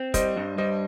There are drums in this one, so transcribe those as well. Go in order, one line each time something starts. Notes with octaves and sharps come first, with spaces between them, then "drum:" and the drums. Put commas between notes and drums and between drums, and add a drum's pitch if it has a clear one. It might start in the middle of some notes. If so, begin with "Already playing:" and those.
Already playing: C4
G3 C5 D#5, drum: kick, hi-hat
G2
G3 C5 D#5